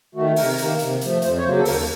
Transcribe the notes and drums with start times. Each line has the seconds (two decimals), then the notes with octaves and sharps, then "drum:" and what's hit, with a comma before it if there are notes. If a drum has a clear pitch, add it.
0.15 D#3 A3 F#4
0.36 C3 A#4, drum: open hi-hat
0.58 D#3 A#3, drum: hi-hat
0.79 C3, drum: hi-hat
1.01 F3 A3, drum: hi-hat
1.22 F2 C5, drum: hi-hat
1.37 C#5
1.43 C#3 F#3 A#3 C5
1.58 A4
1.65 D#2 A#4, drum: open hi-hat